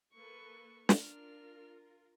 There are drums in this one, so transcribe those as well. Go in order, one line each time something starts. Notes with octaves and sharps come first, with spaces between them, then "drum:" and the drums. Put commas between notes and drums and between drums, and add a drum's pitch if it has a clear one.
A#3 A4 B4 C#6
D4 F4 A#4 F6, drum: snare